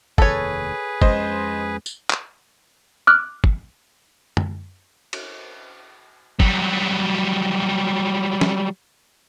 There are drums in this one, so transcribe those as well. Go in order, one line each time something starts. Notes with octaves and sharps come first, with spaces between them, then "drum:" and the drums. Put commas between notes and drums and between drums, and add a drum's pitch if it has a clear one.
F1 D#2 G#4 A4 B4 C#5, drum: kick
F2 G#3 C#4 C5 D#5, drum: kick
drum: tambourine
drum: clap
D6 F6 F#6
drum: kick
drum: tom F#2
drum: cymbal
F#3 G3, drum: kick
drum: snare